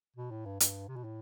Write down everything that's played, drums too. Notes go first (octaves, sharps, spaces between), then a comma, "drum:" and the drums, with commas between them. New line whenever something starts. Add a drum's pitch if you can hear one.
B2
A2
G2
G2, drum: hi-hat
C3
B2
A2